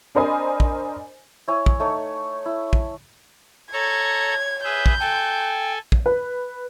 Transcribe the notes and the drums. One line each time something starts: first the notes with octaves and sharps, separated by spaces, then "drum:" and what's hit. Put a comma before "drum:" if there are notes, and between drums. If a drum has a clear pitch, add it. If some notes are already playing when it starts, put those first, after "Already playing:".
D4 A#4 C5 D#5 G#5 B5
drum: kick
E4 C#5 G#5
drum: kick
A3 D#4 C#5
E4
drum: kick
A4 C#5 A#5 C#6 G#6
G#4 B4 E5 G6
drum: kick
A4 G5 G#5
drum: kick
B4